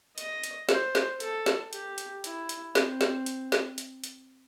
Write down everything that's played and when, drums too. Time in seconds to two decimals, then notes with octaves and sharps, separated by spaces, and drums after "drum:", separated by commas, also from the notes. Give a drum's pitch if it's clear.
0.18 D#5, drum: hi-hat
0.43 drum: hi-hat
0.69 C5, drum: snare
0.95 drum: snare
1.20 A4, drum: hi-hat
1.46 drum: snare
1.73 G4, drum: hi-hat
1.98 drum: hi-hat
2.24 E4, drum: hi-hat
2.49 drum: hi-hat
2.75 C4, drum: snare
3.01 drum: snare
3.26 drum: hi-hat
3.52 drum: snare
3.78 drum: hi-hat
4.04 drum: hi-hat